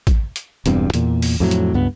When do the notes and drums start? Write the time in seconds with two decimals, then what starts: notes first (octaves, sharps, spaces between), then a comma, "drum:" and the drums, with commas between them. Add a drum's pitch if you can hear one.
0.07 drum: kick A1, hi-hat
0.36 drum: hi-hat
0.66 E1 E2 G2 C4, drum: hi-hat
0.94 E2 A#2, drum: hi-hat
1.22 drum: open hi-hat
1.40 F2 A2 F#3
1.51 drum: hi-hat
1.74 C#2 G2 B3